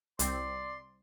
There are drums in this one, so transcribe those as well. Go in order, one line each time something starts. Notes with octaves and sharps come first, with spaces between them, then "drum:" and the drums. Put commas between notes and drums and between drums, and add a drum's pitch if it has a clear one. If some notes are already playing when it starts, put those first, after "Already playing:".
C2 C4 D5 C6, drum: hi-hat